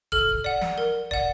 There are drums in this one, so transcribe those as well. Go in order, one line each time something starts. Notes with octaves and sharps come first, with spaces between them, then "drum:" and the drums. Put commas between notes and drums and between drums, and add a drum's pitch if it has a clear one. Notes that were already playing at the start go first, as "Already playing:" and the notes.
A4 F6, drum: kick
drum: kick
D5 F#5
drum: snare
A#4
D5 F#5, drum: kick